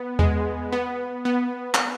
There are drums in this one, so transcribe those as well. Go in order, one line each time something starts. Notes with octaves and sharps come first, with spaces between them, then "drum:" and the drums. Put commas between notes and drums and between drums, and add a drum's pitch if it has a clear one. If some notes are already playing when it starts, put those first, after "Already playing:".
Already playing: B3
G#3, drum: tom E2
B3
B3
drum: clap